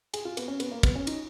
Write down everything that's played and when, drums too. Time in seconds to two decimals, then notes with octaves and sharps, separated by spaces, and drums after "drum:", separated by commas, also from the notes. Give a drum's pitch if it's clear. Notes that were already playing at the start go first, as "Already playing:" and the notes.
0.14 G#4, drum: cymbal
0.25 F4
0.37 B3, drum: cymbal
0.48 C#4
0.60 B3, drum: cymbal
0.72 A#3
0.83 B3, drum: kick, cymbal
0.96 C#4
1.07 D#4, drum: cymbal